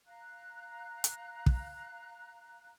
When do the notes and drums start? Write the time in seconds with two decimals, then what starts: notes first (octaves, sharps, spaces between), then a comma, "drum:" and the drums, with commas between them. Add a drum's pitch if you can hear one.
0.05 F5 A#5 F#6
1.04 drum: hi-hat
1.46 drum: kick